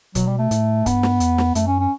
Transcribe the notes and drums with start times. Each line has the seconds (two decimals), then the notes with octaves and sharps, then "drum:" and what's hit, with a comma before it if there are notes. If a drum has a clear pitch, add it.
0.15 B2 F#3, drum: kick C#1, hi-hat
0.27 G3
0.38 A3
0.51 A2, drum: hi-hat
0.86 G2 B3, drum: kick C#1, hi-hat
1.03 drum: snare
1.20 E2, drum: hi-hat
1.38 drum: snare
1.55 F#2 A3, drum: hi-hat
1.67 C#4
1.80 C#4